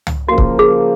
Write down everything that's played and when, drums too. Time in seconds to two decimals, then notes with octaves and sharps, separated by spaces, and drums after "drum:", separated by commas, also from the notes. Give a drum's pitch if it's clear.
0.07 drum: tom
0.29 C#3 F3 A#3 F#4
0.38 drum: kick C#1
0.59 G#4